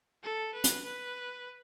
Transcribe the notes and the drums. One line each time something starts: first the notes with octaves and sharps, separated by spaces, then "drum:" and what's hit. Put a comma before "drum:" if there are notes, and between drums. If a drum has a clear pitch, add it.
A4
B4
drum: hi-hat
B4